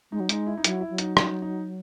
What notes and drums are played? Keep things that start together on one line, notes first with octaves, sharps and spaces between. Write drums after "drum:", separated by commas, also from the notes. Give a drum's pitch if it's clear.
G#3 D#4
F#3
G#3 D#4, drum: hi-hat
E4
D#4
F#3 E4, drum: hi-hat
E4
F#3
D#4, drum: hi-hat
D#4, drum: rim click
D#4